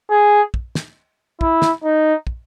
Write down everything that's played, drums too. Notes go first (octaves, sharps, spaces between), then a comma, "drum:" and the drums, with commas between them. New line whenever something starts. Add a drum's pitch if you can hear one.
G#4
drum: kick
drum: snare
E4, drum: kick
drum: snare
D#4
drum: kick